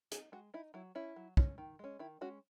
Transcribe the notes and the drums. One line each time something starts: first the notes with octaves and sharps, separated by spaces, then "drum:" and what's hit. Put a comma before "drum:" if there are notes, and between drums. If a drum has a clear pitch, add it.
D#4 G#4, drum: hi-hat
G#3 F#4
D#4 E4
F#3 E4
C#4 E4
F#3
C#4, drum: kick
D#3
G#3 C#4
D#3 E4
G#3 C#4 F#4